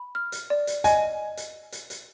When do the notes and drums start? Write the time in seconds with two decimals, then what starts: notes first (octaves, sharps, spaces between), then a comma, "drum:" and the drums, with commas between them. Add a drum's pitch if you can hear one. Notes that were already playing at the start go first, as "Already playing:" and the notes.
Already playing: B5
0.15 F6
0.32 drum: hi-hat
0.50 D5
0.67 drum: hi-hat
0.84 D#5 G#5, drum: hi-hat
1.37 drum: hi-hat
1.72 drum: hi-hat
1.90 drum: hi-hat